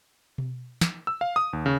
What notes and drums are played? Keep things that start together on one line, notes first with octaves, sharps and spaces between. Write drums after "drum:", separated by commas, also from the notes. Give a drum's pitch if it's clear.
drum: tom B2
drum: snare
E6
F5
D#6
D#2
C#3